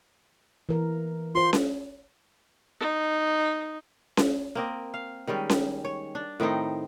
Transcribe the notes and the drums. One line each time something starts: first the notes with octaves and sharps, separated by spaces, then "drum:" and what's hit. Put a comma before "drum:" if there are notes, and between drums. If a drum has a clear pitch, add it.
E3 A#4
F4 C5 C6
drum: snare C#4
D#4
drum: snare C#4
A#3 C4 D#5
F5
D#3 G3 G#3 C#4
drum: snare C#4
C#5
D4
A2 D#3 C4 D#4